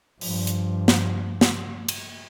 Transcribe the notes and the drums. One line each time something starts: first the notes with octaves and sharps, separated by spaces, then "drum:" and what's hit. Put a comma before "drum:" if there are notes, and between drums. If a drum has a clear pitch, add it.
G2 F3, drum: open hi-hat
drum: hi-hat
drum: snare
drum: snare
drum: cymbal